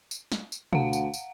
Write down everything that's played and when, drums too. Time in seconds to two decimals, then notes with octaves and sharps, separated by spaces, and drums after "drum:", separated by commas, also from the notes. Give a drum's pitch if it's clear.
0.11 drum: tambourine
0.32 drum: snare
0.52 drum: tambourine
0.73 D2 F5 F#5, drum: tom
0.93 drum: tambourine
1.14 drum: tambourine